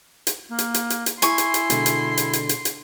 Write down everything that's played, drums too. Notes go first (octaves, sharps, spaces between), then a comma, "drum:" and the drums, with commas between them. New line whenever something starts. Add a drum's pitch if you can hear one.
drum: hi-hat
A#3
drum: hi-hat
drum: hi-hat
drum: hi-hat
drum: hi-hat
E4 G#5 C6 C#6, drum: hi-hat
drum: hi-hat
drum: hi-hat
B2 D3 G#3, drum: hi-hat
drum: hi-hat
drum: hi-hat
drum: hi-hat
drum: hi-hat
drum: hi-hat